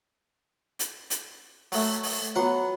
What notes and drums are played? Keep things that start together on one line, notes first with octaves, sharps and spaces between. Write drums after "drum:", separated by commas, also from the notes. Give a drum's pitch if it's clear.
drum: hi-hat
drum: hi-hat
F#3 A3, drum: open hi-hat
drum: open hi-hat
F#3 B3 F#5 C6